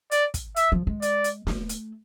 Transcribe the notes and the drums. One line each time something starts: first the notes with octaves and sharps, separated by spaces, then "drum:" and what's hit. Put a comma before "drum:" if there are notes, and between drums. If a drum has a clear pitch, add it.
D5, drum: hi-hat
drum: kick, hi-hat
E5, drum: hi-hat
F3
G#3
D5, drum: hi-hat
drum: hi-hat
A3, drum: snare
drum: hi-hat